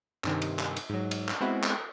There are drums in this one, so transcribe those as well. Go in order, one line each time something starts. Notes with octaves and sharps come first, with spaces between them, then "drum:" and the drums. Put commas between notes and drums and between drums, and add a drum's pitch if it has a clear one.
G2 C3 D#3 C4, drum: clap
drum: cymbal
drum: clap
drum: cymbal
G#2 F#3
drum: cymbal
drum: clap
G#3 B3 C4 E4 F#4
drum: clap